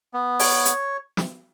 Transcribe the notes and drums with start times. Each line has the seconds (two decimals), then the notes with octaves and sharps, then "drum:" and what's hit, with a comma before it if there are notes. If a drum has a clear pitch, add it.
0.13 B3
0.39 C#5, drum: open hi-hat
0.65 drum: hi-hat
1.17 drum: snare